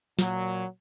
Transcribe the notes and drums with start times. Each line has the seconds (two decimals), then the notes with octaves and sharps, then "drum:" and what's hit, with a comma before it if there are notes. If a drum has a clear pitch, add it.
0.19 A#2 F#3, drum: snare